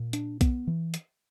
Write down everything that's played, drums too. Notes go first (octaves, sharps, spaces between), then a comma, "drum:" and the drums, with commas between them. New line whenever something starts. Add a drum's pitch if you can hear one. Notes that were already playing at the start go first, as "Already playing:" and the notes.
Already playing: A#2
D4, drum: hi-hat
B3, drum: kick B1, hi-hat
E3
drum: hi-hat